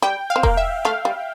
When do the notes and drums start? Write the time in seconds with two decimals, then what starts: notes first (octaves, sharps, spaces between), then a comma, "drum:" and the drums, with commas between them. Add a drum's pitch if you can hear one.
0.02 G3 G5
0.30 F5
0.36 C4
0.43 A#3, drum: kick E1
0.57 E5
0.85 A3 F5
1.05 G3